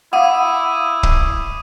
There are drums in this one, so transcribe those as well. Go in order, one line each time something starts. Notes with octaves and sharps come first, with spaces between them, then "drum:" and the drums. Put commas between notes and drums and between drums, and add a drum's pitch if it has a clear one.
E4 F5 F#5 D6 D#6 D#7
drum: kick